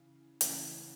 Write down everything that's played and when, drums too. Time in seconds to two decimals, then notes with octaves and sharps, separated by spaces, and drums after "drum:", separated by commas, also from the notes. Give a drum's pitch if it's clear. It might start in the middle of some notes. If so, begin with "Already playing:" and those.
Already playing: C#3 E3
0.41 C#3 E3 A3 C#4 F#5, drum: hi-hat